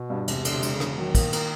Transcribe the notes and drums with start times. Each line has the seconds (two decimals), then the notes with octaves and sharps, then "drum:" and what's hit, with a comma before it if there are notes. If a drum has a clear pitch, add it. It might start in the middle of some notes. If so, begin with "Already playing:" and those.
Already playing: B2
0.10 G2
0.28 E1 C3, drum: cymbal
0.45 D3, drum: cymbal
0.51 C3
0.63 E1, drum: cymbal
0.74 C#3
0.80 E1, drum: rim click
0.98 D#3 F#3
1.15 A#3, drum: kick, cymbal
1.33 A#3, drum: cymbal